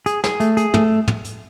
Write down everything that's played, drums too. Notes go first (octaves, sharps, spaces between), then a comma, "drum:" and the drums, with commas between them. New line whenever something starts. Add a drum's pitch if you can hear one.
G#4, drum: hi-hat
G#4, drum: snare
A3, drum: hi-hat
G#4, drum: hi-hat
A3, drum: tom
drum: tom
drum: hi-hat